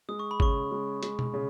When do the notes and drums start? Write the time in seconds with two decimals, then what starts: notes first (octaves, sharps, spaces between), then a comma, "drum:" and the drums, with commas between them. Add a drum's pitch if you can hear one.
0.09 G#3 D#6
0.19 C#6
0.31 B5
0.40 C#3 C#6, drum: kick G#1
0.72 G#3
1.03 G#3, drum: hi-hat
1.19 drum: tom B2
1.34 C#3